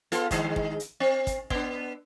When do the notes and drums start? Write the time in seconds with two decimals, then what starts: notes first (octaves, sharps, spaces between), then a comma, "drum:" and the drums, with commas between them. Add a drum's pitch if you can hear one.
0.12 B3 F4 A4, drum: hi-hat
0.31 G#2 D#3 G#3, drum: kick, hi-hat
0.56 drum: kick
0.80 drum: hi-hat
1.00 C4
1.27 drum: kick, hi-hat
1.50 B3 D4, drum: kick